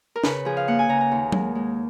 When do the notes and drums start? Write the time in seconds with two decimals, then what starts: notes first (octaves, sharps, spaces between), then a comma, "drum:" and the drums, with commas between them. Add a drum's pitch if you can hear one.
0.16 A#4
0.24 C#3 B4, drum: snare
0.45 F3 G#4
0.57 F5
0.68 A#3 F#5
0.79 G#5
0.89 C#3 A#5
1.01 A#5
1.12 D#2
1.32 G#3, drum: tom F#3
1.55 G#3